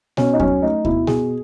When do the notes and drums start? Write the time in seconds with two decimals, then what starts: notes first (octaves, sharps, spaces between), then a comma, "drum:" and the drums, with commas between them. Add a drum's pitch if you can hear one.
0.17 B2 C#4, drum: snare
0.33 D#4
0.40 F#3 C#4, drum: kick
0.62 A3 D#4
0.85 B2 E4, drum: kick
1.07 B2 G#4, drum: snare